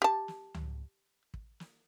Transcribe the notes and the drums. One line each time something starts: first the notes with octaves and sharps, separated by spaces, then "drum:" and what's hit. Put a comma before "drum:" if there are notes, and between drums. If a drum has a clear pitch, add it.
G4 A5
drum: snare
drum: tom C#2
drum: kick
drum: snare